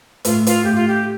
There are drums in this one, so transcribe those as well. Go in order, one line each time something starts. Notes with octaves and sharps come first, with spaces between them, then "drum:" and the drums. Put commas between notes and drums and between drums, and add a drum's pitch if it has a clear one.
A2 F4, drum: hi-hat
F4, drum: hi-hat
A2 G4
F4
G4